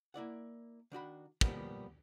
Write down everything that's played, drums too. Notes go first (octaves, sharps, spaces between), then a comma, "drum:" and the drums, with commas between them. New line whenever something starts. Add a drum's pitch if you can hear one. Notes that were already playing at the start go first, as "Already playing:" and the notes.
A#3 E4 D5 F#5
D#3 D4 F#4 B5
B2 D3 F3 G3 A#3 B3, drum: kick